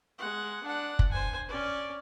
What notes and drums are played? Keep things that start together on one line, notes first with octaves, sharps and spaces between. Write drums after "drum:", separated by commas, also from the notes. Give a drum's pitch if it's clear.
G#3 F#5
D4 F#5
drum: kick
C5 G#5
C#4 D5